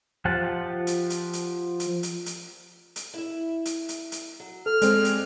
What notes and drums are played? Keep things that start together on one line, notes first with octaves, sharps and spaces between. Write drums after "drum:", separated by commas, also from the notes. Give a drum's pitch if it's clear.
F3 F4 G4 F#5 A5
drum: hi-hat
drum: hi-hat
drum: hi-hat
drum: hi-hat
drum: hi-hat
drum: hi-hat
drum: hi-hat
E4 E5
drum: hi-hat
drum: hi-hat
drum: hi-hat
F#3
A4 F6
G#3 C4 G#4 D5, drum: hi-hat
drum: hi-hat